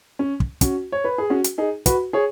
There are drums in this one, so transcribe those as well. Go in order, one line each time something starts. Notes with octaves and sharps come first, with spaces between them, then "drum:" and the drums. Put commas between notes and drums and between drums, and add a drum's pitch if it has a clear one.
C#4
drum: kick
C#4 F#4, drum: kick, hi-hat
C#5
B4
G#4
C#4 F#4
drum: hi-hat
D#4 G#4
F#4 B4, drum: kick, hi-hat
G#4 C#5